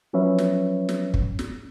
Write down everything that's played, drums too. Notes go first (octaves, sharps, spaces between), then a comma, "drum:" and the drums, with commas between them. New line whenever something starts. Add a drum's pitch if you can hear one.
F3 F#3 C#4 B4 C#5 E5
drum: snare
drum: snare
drum: kick
drum: snare